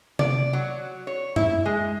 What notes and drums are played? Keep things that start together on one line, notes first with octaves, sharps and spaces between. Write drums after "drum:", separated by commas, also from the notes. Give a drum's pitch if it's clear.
D5, drum: tom C3
F#3
C#5
E4, drum: tom F#2
G#3